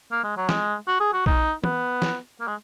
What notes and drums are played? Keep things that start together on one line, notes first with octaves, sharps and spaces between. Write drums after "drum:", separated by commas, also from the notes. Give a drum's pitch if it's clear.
A#3
G#3
F#3
G#3, drum: snare
F#4
G#4
F#4
D#4, drum: kick A#1
B3, drum: tom
drum: snare
A#3
G#3